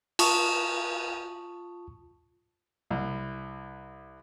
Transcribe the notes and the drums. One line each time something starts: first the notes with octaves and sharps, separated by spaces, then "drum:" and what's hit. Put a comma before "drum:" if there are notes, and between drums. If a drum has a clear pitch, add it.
F4 A5 C#6 D#6, drum: cymbal
C2